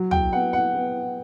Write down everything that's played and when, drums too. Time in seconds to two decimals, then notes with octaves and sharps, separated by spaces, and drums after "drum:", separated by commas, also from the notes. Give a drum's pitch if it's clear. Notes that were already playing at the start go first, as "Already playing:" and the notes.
Already playing: F#3
0.11 G5, drum: tom
0.32 B3 F#5
0.53 F#5
0.75 B3